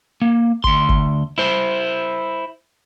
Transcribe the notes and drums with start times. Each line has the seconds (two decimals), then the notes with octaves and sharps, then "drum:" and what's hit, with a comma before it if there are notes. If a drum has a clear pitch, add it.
0.22 A#3
0.64 D2 C6, drum: kick G#1
0.89 drum: kick G#1
1.38 E4 C5